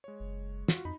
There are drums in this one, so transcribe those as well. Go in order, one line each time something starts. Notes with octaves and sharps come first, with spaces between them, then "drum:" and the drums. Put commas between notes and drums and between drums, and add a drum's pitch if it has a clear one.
G#3 C#5
F#1
F4 F#4, drum: snare
F2 D#4 B5